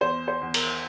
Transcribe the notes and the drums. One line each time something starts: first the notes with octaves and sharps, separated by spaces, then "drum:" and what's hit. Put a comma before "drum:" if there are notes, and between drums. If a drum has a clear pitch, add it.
E2 C5
C5
E2
A#4, drum: cymbal